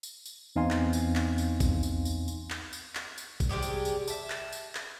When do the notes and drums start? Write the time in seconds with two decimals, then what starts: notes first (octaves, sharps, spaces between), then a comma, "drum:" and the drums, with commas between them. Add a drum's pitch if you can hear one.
0.03 drum: tambourine
0.26 drum: tambourine
0.56 E2 C4 D#4 F5 G#5 C6
0.71 drum: clap
0.93 drum: tambourine
1.15 drum: clap
1.38 drum: tambourine
1.60 drum: kick, tambourine
1.83 drum: tambourine
2.05 drum: tambourine
2.28 drum: tambourine
2.50 drum: clap
2.73 drum: tambourine
2.95 drum: clap
3.18 drum: tambourine
3.40 drum: kick, tambourine
3.49 C3 G3 G4 G#4
3.63 drum: tambourine
3.85 drum: tambourine
4.08 E5 A5, drum: tambourine
4.30 drum: clap
4.52 drum: tambourine
4.75 drum: clap